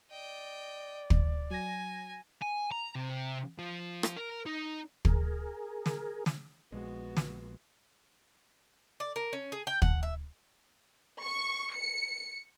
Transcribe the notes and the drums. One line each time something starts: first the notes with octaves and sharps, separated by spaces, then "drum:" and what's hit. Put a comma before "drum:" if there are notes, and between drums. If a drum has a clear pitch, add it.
D5 D#5 G5
drum: kick
F#3 G#5 G#6 A#6
G#5
A#5
C3
F3
drum: rim click
A#4
D#4
G#4 A#4, drum: kick
drum: snare
drum: snare
A#1 G#3 B3 F#4
drum: snare
D5
A#4
C#4
G#4
G5
F#5, drum: kick
E5
C#6
C#7